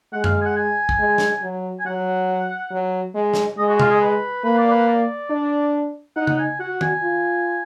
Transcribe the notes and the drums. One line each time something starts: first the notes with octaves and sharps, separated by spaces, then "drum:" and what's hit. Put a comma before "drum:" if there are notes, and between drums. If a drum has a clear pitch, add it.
G#3 F#5
F5, drum: tom F#2
F5
G#5
F#5
G#5
drum: kick A#1
G#3
drum: snare
F#3
G#5
F#3 F#5
F#3
G#3
drum: snare
G#3 D#5
F#4
F4, drum: tom B2
G#4
B4
A#3 B4
D5
B4
D5
D4
D#4 F#5
F#5, drum: tom C#3
G#5
F#4 F#5
G#5, drum: tom D#3
F4